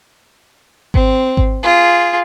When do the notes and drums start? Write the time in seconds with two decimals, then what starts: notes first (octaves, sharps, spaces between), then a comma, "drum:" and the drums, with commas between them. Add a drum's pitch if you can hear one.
0.94 C4, drum: kick G#1
1.37 drum: kick G#1
1.63 F4 G#4